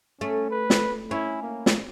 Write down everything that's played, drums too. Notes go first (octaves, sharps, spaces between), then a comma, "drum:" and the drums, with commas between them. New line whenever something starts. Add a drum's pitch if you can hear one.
A3 C#4
B4
drum: snare
C#4 E4
A#3
drum: snare